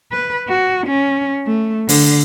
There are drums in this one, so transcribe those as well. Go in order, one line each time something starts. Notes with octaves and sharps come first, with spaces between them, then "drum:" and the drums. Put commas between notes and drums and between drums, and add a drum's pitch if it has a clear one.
B4
F#4
C#4
A3
D3, drum: open hi-hat